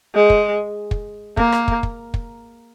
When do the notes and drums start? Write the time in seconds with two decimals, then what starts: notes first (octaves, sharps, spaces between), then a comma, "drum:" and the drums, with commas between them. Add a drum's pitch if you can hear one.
0.15 G#3
0.30 drum: kick
0.91 drum: kick
1.37 A#3, drum: kick
1.52 drum: rim click
1.68 drum: kick
1.83 drum: kick
2.14 drum: kick